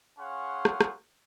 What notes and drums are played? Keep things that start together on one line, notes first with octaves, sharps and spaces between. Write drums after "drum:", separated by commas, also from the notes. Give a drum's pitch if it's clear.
C#4 G#4 F5 F#5 C6 C#6
drum: rim click
drum: rim click